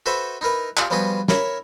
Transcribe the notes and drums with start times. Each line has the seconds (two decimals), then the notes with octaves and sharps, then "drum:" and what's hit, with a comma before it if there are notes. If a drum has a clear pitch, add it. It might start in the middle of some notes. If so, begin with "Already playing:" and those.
0.06 F#4 A4 B4 C5 E5
0.41 D#4 E4 A#4 B4
0.77 F4 G4, drum: clap
0.90 F3 G3 B3 F#4 G#4 B4
1.28 E4 A#4 C#5 E5, drum: snare